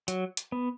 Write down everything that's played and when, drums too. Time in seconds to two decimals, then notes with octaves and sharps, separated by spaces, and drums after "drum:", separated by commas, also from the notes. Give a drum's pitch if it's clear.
0.08 F#3, drum: hi-hat
0.37 drum: hi-hat
0.52 B3